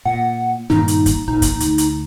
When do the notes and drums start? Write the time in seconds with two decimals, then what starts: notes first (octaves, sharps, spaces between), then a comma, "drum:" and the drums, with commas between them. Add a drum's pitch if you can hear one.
0.05 A#2 F#5
0.70 G2 A#2 D#3 D#4, drum: snare
0.88 drum: hi-hat
1.06 drum: kick, hi-hat
1.28 A#1 A#2 D#4
1.42 drum: kick, hi-hat
1.60 D2, drum: hi-hat
1.78 drum: hi-hat